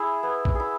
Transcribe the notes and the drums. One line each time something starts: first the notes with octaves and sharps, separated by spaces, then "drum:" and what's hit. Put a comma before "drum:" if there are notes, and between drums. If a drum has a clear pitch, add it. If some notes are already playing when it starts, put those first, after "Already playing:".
Already playing: E4 G#4
B3
drum: kick B1
E4 G#4